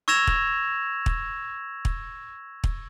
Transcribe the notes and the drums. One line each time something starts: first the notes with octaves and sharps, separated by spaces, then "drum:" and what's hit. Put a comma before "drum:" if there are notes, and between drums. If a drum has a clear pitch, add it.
C#6 E6 G#6 A#6 E7 F7
drum: kick
drum: kick
drum: kick
drum: kick